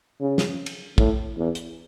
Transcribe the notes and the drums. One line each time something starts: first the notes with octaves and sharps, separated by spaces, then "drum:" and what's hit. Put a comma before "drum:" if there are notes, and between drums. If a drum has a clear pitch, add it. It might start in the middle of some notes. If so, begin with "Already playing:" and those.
C#3
drum: snare
drum: cymbal
A2, drum: kick
E2
drum: hi-hat